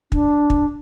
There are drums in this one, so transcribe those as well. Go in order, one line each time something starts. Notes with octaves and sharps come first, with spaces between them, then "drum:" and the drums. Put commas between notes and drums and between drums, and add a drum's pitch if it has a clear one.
D4, drum: kick
drum: kick